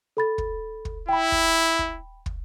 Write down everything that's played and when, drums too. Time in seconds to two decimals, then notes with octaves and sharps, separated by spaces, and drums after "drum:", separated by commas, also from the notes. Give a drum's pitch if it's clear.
0.17 A4 B5 A6
0.38 drum: kick
0.85 drum: kick
1.09 E4 G5 B5
1.32 drum: kick
1.79 drum: kick
2.26 drum: kick